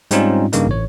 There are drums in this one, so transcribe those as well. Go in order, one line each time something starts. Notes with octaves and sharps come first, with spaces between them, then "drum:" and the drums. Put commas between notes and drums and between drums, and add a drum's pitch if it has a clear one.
G#2 G3 C4 C#4 D#4 F4, drum: hi-hat
G2 C#3 A#3 D#4, drum: hi-hat
A1 C#5